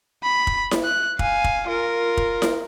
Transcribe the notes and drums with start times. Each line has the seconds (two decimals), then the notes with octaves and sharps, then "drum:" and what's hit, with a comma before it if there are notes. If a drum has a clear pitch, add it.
0.23 B5
0.47 drum: kick
0.71 drum: snare E4
0.84 F#6
1.19 F5 G#5, drum: kick
1.44 drum: kick
1.68 F4 A#4
2.17 drum: kick
2.42 drum: snare E4